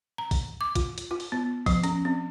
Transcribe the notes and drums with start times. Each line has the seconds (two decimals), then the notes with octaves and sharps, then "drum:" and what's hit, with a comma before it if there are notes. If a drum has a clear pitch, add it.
0.18 A#5
0.31 drum: kick, open hi-hat
0.61 D6
0.75 F4, drum: kick, hi-hat
0.98 drum: hi-hat
1.11 F4
1.20 drum: open hi-hat
1.32 B3
1.66 F3, drum: kick, open hi-hat
1.84 C#4, drum: hi-hat
2.05 C4